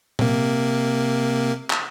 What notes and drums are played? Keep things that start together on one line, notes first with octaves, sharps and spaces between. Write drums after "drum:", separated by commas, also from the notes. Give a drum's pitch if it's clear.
C3 A#3, drum: tom A#2
drum: clap